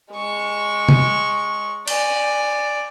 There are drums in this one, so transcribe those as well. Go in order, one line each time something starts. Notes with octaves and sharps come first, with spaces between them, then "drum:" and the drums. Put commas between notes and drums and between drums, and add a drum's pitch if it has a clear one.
G#3 C#6
drum: tom C3
D5 G#5, drum: cymbal